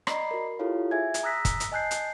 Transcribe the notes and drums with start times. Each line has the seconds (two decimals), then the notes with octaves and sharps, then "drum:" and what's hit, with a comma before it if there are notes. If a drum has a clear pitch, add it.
0.07 D5 D#5 A#5 B5 C7, drum: rim click
0.31 F#4 A#4
0.59 E4 F4 G4 A4 C#5 F5
0.91 G#4 E5 G#5 G#6
1.14 drum: hi-hat
1.23 A#5 D#6 E6 F#6 A#6 B6
1.45 drum: kick, hi-hat
1.60 drum: hi-hat
1.72 D#5 G#5 A5 F#6 G6 C7
1.91 drum: hi-hat